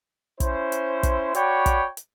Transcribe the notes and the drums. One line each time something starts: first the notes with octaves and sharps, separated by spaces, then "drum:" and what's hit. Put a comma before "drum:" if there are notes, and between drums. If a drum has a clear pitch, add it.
C#4 E4 C5, drum: kick, hi-hat
drum: hi-hat
drum: kick, hi-hat
F#4 C#5 D5 G5 B5, drum: hi-hat
drum: kick, hi-hat
drum: hi-hat